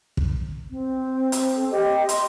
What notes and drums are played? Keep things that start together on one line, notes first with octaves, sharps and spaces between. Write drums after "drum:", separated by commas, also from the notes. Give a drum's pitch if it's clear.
drum: kick
C4
drum: hi-hat
A4
G4 D#5
C6, drum: hi-hat